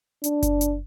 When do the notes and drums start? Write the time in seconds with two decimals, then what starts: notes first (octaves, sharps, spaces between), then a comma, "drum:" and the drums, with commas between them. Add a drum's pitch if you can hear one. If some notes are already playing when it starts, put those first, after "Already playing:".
0.24 D4, drum: hi-hat
0.43 drum: kick F#1, hi-hat
0.61 drum: hi-hat